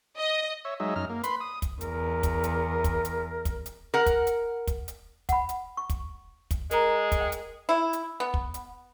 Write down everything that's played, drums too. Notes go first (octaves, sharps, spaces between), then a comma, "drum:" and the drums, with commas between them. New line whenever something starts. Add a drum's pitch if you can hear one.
D#5
C#5 E5
F#3 G#3 D#4 E5
F#2 D#4 F6
A#3
B4 B5 C6, drum: hi-hat
D#6
drum: kick, hi-hat
E2 A#4, drum: hi-hat
drum: kick, hi-hat
drum: hi-hat
drum: kick, hi-hat
drum: hi-hat
drum: kick, hi-hat
drum: hi-hat
A#4 F#5
drum: kick, hi-hat
drum: hi-hat
drum: kick, hi-hat
drum: hi-hat
F#5 B5, drum: kick, hi-hat
drum: hi-hat
C#6
drum: kick, hi-hat
drum: kick, hi-hat
G#3 A#4 A#5, drum: hi-hat
drum: kick, hi-hat
G5
drum: hi-hat
E4
drum: hi-hat
B3
drum: kick
drum: hi-hat